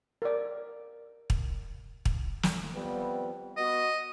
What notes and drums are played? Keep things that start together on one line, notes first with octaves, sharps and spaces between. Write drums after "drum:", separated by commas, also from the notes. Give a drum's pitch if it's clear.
A#4 D5
drum: kick
drum: kick
drum: snare
F2 G3 B3
B3 F#4 D#5